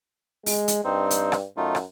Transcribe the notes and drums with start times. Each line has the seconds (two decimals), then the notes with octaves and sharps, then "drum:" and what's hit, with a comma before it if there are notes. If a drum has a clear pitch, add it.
0.46 G#3, drum: open hi-hat
0.68 drum: hi-hat
0.85 G2 C4 D#4 C5
1.11 drum: hi-hat
1.32 drum: rim click
1.57 F#2 A3 D#4 F4
1.75 drum: rim click